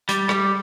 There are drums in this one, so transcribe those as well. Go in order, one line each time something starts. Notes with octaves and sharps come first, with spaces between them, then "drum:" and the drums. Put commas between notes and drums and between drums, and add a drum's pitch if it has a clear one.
G3, drum: hi-hat
G3, drum: rim click